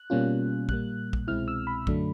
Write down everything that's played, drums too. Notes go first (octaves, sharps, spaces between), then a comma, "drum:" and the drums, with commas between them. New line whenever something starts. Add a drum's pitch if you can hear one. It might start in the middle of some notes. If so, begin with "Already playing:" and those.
Already playing: F#6
B2 G3 A#3 C#4 F4
A#2 G3 A#3 F#6, drum: kick A#1
drum: kick A#1
C2 B2 G#3 C4 E4 F6
E6
B5
F#2 D3 F#3 A3 D4, drum: kick A#1